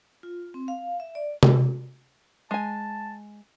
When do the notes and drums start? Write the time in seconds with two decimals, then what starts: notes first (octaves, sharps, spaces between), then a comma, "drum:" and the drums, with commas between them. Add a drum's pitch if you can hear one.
0.23 F4
0.54 C4
0.68 F5
1.00 E5
1.15 D5
1.43 drum: tom C3
2.51 G#3 G#5 A5